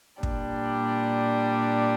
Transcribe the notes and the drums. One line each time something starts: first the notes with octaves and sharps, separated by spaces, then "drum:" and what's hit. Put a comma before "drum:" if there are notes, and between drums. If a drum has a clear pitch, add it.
A#2 G3 D4, drum: kick